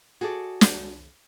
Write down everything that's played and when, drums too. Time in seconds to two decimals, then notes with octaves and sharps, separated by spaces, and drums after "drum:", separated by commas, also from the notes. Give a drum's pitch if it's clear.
0.21 F#4 G#4 A4 D5
0.61 drum: snare